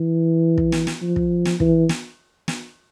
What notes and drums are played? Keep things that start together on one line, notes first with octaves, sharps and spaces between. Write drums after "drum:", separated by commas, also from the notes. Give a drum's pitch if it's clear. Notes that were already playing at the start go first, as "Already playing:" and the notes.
Already playing: E3
drum: kick
drum: snare
drum: snare
F3
drum: kick
drum: snare
E3, drum: kick
drum: snare
drum: snare